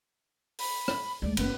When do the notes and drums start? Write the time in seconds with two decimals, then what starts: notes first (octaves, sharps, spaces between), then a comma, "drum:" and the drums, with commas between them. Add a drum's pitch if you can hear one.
0.59 B5, drum: open hi-hat
0.88 drum: rim click
1.22 D2 G#3 D5
1.37 F#1 B3 B4, drum: cymbal